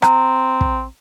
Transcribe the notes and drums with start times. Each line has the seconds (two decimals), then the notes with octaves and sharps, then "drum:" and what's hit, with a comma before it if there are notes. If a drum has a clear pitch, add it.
0.02 C4 A#5, drum: rim click
0.61 drum: kick